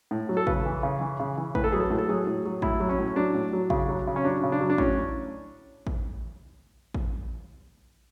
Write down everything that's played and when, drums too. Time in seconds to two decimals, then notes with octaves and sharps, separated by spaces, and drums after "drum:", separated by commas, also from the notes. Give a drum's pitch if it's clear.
0.11 A2
0.29 F#3
0.37 A4
0.47 C#3 B4, drum: kick A1
0.65 E3
0.83 C#3
1.00 E3
1.20 C#3
1.37 E3
1.55 A2 B4, drum: kick A1
1.64 A4
1.72 F#3 G#4
1.80 A4
1.90 A2
1.98 A4
2.09 F#3 G#4
2.27 A2
2.45 F#3
2.62 A2 E4, drum: kick A1
2.80 F#3
2.89 C#4
2.99 A2
3.16 F#3 D4
3.35 A2
3.53 F#3
3.70 C#3, drum: kick A1
3.89 F#3
4.07 C#3
4.16 C#4
4.24 F#3 D4
4.43 C#3
4.52 D4
4.61 F#3
4.70 D4
4.78 A2 C#4, drum: kick A1
5.87 drum: kick A1
6.94 drum: kick A1